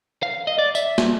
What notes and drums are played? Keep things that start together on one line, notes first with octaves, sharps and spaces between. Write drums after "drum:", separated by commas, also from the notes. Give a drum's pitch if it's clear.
F5
D#5
D5
E5, drum: tambourine
drum: snare